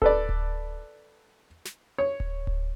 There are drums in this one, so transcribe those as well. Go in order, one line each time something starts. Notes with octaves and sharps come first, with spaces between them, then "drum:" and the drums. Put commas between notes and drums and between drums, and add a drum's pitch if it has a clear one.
A4 B4 D5, drum: kick D1
drum: kick D1
drum: snare
C#5
drum: kick D1
drum: kick D1